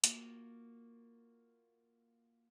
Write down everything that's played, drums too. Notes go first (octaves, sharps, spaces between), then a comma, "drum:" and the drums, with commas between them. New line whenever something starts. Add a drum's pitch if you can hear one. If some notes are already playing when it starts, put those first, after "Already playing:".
A#3 F4 F#4, drum: hi-hat